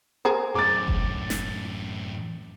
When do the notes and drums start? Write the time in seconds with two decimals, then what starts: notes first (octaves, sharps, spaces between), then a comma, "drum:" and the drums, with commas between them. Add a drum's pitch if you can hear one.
0.25 G#4 A#4 C5
0.55 F#2 A2 D6 A6
0.88 drum: kick F#1
1.30 drum: snare